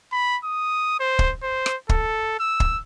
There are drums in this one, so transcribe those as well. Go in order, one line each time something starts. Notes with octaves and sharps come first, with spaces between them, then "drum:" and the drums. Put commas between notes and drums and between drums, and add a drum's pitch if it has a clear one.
B5
D#6
C5
drum: kick
C5
drum: rim click
A4, drum: kick
E6
drum: kick